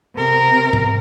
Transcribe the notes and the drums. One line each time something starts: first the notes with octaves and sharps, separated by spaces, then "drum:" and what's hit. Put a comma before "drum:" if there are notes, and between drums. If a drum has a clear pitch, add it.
C3 A#4
drum: tom G#2